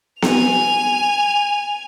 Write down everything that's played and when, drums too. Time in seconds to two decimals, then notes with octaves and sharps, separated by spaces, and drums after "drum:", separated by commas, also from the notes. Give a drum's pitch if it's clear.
0.22 G#5 F7, drum: snare B3